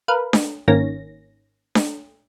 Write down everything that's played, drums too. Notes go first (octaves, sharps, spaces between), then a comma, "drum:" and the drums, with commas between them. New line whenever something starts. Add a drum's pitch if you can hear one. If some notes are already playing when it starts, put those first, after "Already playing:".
A#4 B4 F5
drum: snare D4
G#1 D#3 A#3 C#4 A#6
drum: snare D4